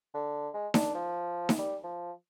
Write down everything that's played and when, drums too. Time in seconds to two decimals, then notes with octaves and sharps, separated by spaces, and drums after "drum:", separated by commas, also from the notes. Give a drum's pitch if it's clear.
0.14 D3
0.54 G#3
0.74 D4, drum: snare D#4
0.94 F3
1.49 drum: snare D#4
1.58 G3
1.83 F3